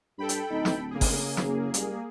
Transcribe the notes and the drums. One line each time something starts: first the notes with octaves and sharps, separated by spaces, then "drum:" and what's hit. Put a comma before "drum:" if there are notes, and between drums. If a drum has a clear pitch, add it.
G2 A4 G5 B5
drum: hi-hat
D1 D#4
drum: snare
C#3 A#3 G#4
drum: kick G1, open hi-hat
F#1, drum: snare
G3, drum: hi-hat